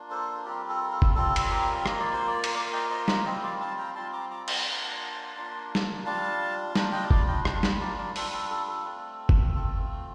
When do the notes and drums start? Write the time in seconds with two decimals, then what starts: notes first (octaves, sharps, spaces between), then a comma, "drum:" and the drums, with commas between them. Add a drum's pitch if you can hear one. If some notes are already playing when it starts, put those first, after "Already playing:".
Already playing: A#3 D4 F4
0.11 A4 C5
0.45 G3 C4 F4 G4 A#4
0.69 A4
0.81 A#4
0.92 A4
1.02 drum: kick G1
1.15 G3 C4 F4 A4
1.36 drum: cymbal
1.50 G4 A#4
1.86 A#3 F4 D#5, drum: rim click
2.00 D5
2.13 C5
2.27 A#4 D5
2.44 drum: cymbal
2.55 A#3 F4 D5 F5
2.73 D#5 G5
2.90 C5 D#5
3.08 C5 D#5, drum: snare
3.25 G3 C4 F4 C5 D#5
3.43 D5 F5
3.60 F5 A5
3.78 G5 A#5
3.95 G3 C4 F4 A5 C6
4.13 A#5 D6
4.31 A#5 D6
4.48 A5 C6, drum: cymbal
4.65 A#3 D4 F4
5.36 A#3 D4 F4
5.75 drum: snare
6.05 G3 D4 F4 F5 A5
6.76 G3 D4 F4 G5 A#5, drum: snare
6.93 D#5 G5
7.11 D5 F5, drum: kick G1
7.28 D#5 G5
7.45 G3 D4 F4 D#5 G5, drum: rim click
7.63 C5 D#5, drum: snare
7.80 A#4 D5
7.98 A#4 D5
8.16 G3 D4 F4 A4 C5, drum: open hi-hat
8.33 A4
8.50 A4
8.68 A4
8.85 A3 C4 F4
9.29 drum: kick G1
9.55 A3 C4 F4